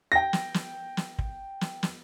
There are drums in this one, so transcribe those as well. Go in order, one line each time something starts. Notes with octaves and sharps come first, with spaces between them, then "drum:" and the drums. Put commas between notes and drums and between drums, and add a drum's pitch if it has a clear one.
G5 A#6
drum: snare
drum: snare
drum: snare
drum: kick
drum: snare
drum: snare